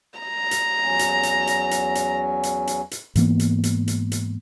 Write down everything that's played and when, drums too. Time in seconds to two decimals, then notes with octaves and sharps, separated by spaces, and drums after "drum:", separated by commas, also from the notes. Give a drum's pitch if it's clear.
0.19 A#5
0.51 drum: hi-hat
0.82 E2 F#3 C#4
0.99 drum: hi-hat
1.23 drum: hi-hat
1.47 drum: hi-hat
1.71 drum: hi-hat
1.95 drum: hi-hat
2.43 drum: hi-hat
2.67 drum: hi-hat
2.91 drum: hi-hat
3.15 G#2 E3 A#3 B3, drum: hi-hat
3.39 drum: hi-hat
3.64 drum: hi-hat
3.88 drum: hi-hat
4.12 drum: hi-hat